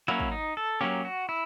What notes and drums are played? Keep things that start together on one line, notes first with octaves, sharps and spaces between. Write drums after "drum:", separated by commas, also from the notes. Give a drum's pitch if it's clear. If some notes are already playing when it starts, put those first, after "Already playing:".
F#3 A#3 C#4 E4
drum: kick
D#4
A4
F#3 A#3 C#4 G4
F#4
E4